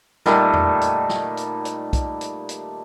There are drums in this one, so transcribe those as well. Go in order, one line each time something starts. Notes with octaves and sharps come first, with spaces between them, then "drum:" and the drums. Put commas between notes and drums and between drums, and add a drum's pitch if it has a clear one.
A#2 D#3 G3 A3, drum: snare
drum: tom E2
drum: hi-hat
drum: snare
drum: hi-hat
drum: hi-hat
drum: kick, hi-hat
drum: hi-hat
drum: hi-hat